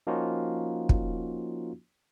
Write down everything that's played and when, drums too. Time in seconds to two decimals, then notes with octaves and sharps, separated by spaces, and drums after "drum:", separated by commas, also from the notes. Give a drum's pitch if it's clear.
0.07 F3 A#3 C#4 D#4 F4 F#4
0.89 drum: kick